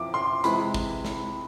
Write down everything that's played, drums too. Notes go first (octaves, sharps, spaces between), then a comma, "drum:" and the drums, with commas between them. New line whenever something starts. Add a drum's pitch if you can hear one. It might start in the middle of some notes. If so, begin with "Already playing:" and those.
Already playing: F2 E3 B3 D6
C6
C3 E3 G#3 B5, drum: hi-hat
drum: kick
drum: snare